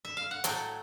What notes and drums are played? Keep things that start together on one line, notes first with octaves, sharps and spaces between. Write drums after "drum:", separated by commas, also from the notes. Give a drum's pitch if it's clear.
E5
F5
F#5
A2 F#3 A3 G5, drum: hi-hat